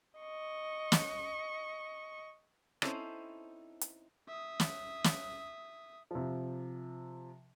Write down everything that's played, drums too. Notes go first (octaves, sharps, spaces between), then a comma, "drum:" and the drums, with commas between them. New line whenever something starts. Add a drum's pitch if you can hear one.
D#5 C#6
drum: snare
C4 C#4 D#4 E4 A4 C5, drum: rim click
drum: hi-hat
E5 D#6
drum: snare
drum: snare
C3 F3